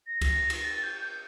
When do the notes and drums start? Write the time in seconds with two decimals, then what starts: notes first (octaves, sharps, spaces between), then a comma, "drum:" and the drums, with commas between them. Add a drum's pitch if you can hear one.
0.07 A#6
0.21 drum: kick C#2, cymbal
0.50 drum: cymbal
0.64 A6
0.83 G6
1.02 G6